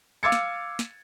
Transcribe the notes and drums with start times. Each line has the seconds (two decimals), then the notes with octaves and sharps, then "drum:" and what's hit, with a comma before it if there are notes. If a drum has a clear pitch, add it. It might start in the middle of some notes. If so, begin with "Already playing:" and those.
0.23 F5 D6 E6 G#6 A6 C#7
0.32 drum: snare
0.79 drum: snare